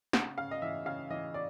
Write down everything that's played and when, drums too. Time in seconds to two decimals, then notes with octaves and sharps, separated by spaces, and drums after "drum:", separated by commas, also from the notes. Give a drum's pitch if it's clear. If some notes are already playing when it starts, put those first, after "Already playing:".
0.13 C#3 F#5, drum: snare
0.38 C#3 F5
0.51 D#5
0.62 E3 E5
0.86 C#3 F5
1.10 E3 D#5
1.34 D5